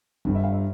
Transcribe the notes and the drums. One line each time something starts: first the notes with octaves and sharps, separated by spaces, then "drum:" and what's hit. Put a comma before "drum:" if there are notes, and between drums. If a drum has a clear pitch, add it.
G1 G2 D3, drum: kick D#1
E5
F5
E5